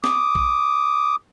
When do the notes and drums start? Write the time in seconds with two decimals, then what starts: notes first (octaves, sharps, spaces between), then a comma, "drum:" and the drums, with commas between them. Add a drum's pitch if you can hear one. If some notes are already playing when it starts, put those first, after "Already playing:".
0.04 D6 D#6, drum: snare
0.35 drum: kick A#1